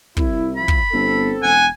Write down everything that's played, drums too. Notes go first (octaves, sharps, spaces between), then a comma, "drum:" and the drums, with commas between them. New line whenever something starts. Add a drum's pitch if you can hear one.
C2 E4, drum: kick
F3 C4 E4 B5
drum: kick
G1 B3 C4 A4
E1 F#5 G#5